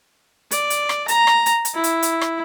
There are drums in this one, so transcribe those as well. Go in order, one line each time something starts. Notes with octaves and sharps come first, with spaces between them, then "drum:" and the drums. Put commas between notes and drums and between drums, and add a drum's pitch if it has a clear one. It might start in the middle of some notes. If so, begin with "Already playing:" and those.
D5, drum: hi-hat
drum: hi-hat
drum: rim click
A#5, drum: hi-hat
drum: rim click
drum: hi-hat
drum: hi-hat
E4
drum: hi-hat
drum: hi-hat
drum: rim click